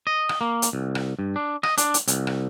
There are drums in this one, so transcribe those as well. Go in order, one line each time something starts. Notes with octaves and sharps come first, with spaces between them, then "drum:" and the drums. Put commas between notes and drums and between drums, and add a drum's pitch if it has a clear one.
D#5
drum: rim click
A#3
drum: hi-hat
C2
drum: rim click
G2
D4
D#5, drum: rim click
D4, drum: hi-hat
drum: hi-hat
C2, drum: hi-hat
drum: rim click